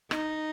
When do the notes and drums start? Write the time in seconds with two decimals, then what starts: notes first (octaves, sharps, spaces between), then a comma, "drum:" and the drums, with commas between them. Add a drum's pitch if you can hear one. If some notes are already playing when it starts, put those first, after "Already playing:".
0.11 D#4, drum: rim click